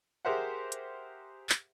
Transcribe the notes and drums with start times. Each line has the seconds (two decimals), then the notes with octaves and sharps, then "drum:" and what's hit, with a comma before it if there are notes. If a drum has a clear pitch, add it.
0.25 G4 G#4 A#4 C5 E5 F#5
0.72 drum: hi-hat
1.49 drum: clap